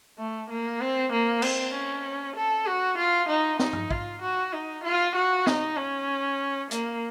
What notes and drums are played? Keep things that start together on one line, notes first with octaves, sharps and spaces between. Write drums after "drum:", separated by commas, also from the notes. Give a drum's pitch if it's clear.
A3
A#3
C4
A#3
C4, drum: cymbal
C#4
A4
F#4
F4
D#4
D#4, drum: snare
drum: tom
F4, drum: kick
F#4
D#4
F4
F#4
D#4, drum: snare
C#4
A#3, drum: hi-hat